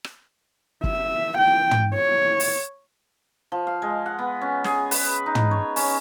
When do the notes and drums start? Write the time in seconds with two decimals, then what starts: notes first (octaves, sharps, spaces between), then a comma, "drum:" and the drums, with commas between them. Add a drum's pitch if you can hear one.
0.04 drum: rim click
0.84 E5, drum: kick
1.38 G5
1.71 drum: tom
1.94 C#5
2.40 drum: open hi-hat
3.52 F3
3.67 F5
3.82 G#3
4.06 F#5
4.19 B3
4.41 C#4
4.64 G#4, drum: snare
4.91 B4, drum: open hi-hat
5.26 D#4
5.35 drum: tom
5.51 C#5
5.76 C#4, drum: open hi-hat